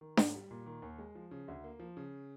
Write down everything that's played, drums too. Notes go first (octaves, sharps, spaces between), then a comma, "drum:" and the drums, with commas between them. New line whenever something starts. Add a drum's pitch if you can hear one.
D#3
G#2, drum: snare D4
G3
A#2
D#3
D#2
G#3
F3
C#3
D2
A#3
F3
C#3